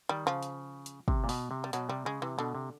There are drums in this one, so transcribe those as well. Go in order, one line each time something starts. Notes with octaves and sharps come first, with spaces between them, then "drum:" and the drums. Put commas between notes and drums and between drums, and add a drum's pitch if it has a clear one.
D#3 G3
C#3 F3
drum: hi-hat
drum: hi-hat
C3, drum: kick
A#2
B2, drum: open hi-hat
C3
G3
B2 F#3, drum: hi-hat
C3 G3
C#3 G#3
C3 E3
B2 D3
C3